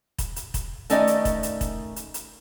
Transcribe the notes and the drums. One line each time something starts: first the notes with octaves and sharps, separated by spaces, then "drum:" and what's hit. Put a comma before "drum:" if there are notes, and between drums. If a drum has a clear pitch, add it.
drum: kick, hi-hat
drum: hi-hat
drum: kick, hi-hat
D#3 A3 C#4 D5 D#5, drum: hi-hat
drum: hi-hat
drum: kick, hi-hat
drum: hi-hat
drum: kick, hi-hat
drum: hi-hat
drum: hi-hat